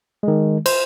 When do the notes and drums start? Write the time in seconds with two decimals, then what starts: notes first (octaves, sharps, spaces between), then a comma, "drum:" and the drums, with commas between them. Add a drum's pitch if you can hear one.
0.23 D#3 G#3
0.66 C5, drum: cymbal